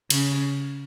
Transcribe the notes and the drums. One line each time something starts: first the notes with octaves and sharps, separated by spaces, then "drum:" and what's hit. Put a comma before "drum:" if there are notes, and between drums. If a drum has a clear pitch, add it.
C#3, drum: cymbal